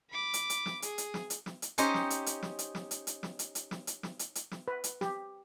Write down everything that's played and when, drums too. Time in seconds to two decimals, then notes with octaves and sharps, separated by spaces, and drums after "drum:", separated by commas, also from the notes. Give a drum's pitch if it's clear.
0.10 B5 D6
0.34 drum: hi-hat
0.50 drum: hi-hat
0.66 drum: snare
0.82 G#4, drum: hi-hat
0.98 drum: hi-hat
1.14 drum: snare
1.30 drum: hi-hat
1.46 drum: snare
1.62 drum: hi-hat
1.78 C#4 D#4 G4 C5 D#5, drum: hi-hat
1.94 drum: snare
2.10 drum: hi-hat
2.26 drum: hi-hat
2.43 drum: snare
2.59 drum: hi-hat
2.75 drum: snare
2.91 drum: hi-hat
3.07 drum: hi-hat
3.23 drum: snare
3.39 drum: hi-hat
3.55 drum: hi-hat
3.71 drum: snare
3.87 drum: hi-hat
4.03 drum: snare
4.19 drum: hi-hat
4.35 drum: hi-hat
4.51 drum: snare
4.68 B4
4.84 drum: hi-hat
5.01 G4, drum: snare